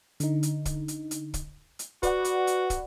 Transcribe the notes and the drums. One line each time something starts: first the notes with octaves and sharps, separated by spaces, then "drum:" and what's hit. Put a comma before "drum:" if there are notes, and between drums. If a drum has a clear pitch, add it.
D3 D#4, drum: hi-hat
drum: hi-hat
drum: kick, hi-hat
drum: hi-hat
drum: hi-hat
drum: kick, hi-hat
drum: hi-hat
F#4 B4 D5 F#5, drum: kick, hi-hat
drum: hi-hat
drum: hi-hat
drum: kick, hi-hat